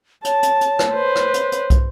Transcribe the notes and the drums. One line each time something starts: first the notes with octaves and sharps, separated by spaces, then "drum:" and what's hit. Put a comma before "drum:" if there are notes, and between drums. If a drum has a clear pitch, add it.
C#5 A5, drum: hi-hat
drum: hi-hat
drum: hi-hat
drum: rim click
B4 C5
drum: rim click
drum: hi-hat
drum: hi-hat
drum: kick, hi-hat